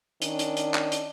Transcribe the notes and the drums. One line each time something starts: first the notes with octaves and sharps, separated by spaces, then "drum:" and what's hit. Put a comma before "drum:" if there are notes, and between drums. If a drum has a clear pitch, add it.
D#3 C#4 D4, drum: hi-hat
drum: hi-hat
drum: hi-hat
drum: clap
drum: hi-hat